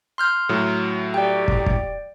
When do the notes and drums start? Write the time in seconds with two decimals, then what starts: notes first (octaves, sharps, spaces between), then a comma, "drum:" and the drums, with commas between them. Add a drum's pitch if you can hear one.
0.18 C6 F6 G6
0.49 A2 F#3
1.14 G4 D5 G5
1.48 drum: kick
1.66 drum: kick